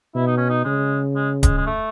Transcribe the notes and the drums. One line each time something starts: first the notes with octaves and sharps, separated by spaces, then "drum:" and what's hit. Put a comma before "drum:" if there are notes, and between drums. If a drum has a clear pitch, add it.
B2 E4
D#4
C#4
D#4
C#3 G#3
G#3
G#3, drum: kick D1, hi-hat
G#3
A3